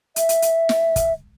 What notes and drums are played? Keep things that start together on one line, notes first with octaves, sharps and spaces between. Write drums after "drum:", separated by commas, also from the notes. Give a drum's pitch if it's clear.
E5, drum: hi-hat
drum: hi-hat
drum: hi-hat
drum: snare
drum: kick, hi-hat